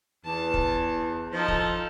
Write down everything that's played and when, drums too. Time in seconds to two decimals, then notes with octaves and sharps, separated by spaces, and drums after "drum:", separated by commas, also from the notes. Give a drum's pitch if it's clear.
0.24 E2 A5
0.54 drum: kick
1.32 F3 D#4 A4
1.48 drum: kick